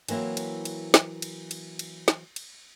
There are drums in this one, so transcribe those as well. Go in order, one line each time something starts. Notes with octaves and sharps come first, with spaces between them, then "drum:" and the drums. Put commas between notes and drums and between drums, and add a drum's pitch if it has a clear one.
E3 F#3 A#3 C4 E4, drum: cymbal
drum: cymbal
drum: cymbal
drum: snare
drum: cymbal
drum: cymbal
drum: cymbal
drum: snare
drum: cymbal